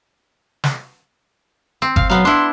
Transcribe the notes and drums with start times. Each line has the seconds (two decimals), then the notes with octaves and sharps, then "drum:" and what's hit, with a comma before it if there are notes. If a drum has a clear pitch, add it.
0.64 drum: snare
1.82 C4
1.96 F5, drum: kick G1
2.10 F#3 B3 F5
2.25 D4 E4 C6